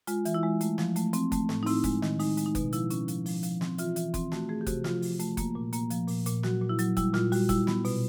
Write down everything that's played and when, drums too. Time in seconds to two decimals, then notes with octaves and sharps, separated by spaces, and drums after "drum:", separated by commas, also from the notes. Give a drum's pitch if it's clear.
0.07 G#3 F4, drum: hi-hat
0.25 E3, drum: hi-hat
0.34 E4
0.43 G#3
0.61 A3, drum: hi-hat
0.78 F3, drum: snare
0.96 A3, drum: hi-hat
1.13 C4, drum: hi-hat
1.32 A3, drum: kick F#1, hi-hat
1.49 A2, drum: snare
1.63 D#4
1.66 C4 E4, drum: open hi-hat
1.84 G#3, drum: kick F#1, hi-hat
2.02 D#3, drum: snare
2.20 G#3 D#4, drum: open hi-hat
2.37 G#3, drum: hi-hat
2.46 D#4
2.55 B2, drum: kick F#1, hi-hat
2.73 F3 E4, drum: hi-hat
2.90 C#4, drum: hi-hat
3.08 F3, drum: hi-hat
3.26 F3, drum: open hi-hat
3.43 F3, drum: hi-hat
3.61 C4, drum: snare
3.78 E3 F4, drum: hi-hat
3.96 E3, drum: hi-hat
4.14 C4, drum: kick F#1, hi-hat
4.32 A3 F#4, drum: snare
4.49 A3 G#4
4.61 G4
4.67 C3 F#4, drum: kick F#1, hi-hat
4.84 F3 F4, drum: snare
5.02 F3, drum: open hi-hat
5.20 A3, drum: hi-hat
5.37 A#3, drum: kick F#1, hi-hat
5.55 A#2
5.73 A#3, drum: hi-hat
5.90 F3, drum: hi-hat
6.08 A#2, drum: open hi-hat
6.26 A#2, drum: hi-hat
6.43 F#3 F#4, drum: snare
6.61 A#2
6.69 E4
6.79 F#3, drum: hi-hat
6.97 G3 E4, drum: kick F#1, hi-hat
7.14 A#2 F4, drum: snare
7.32 G3 F#4, drum: open hi-hat
7.49 G3 E4, drum: kick F#1, hi-hat
7.67 B3, drum: snare
7.85 B2, drum: open hi-hat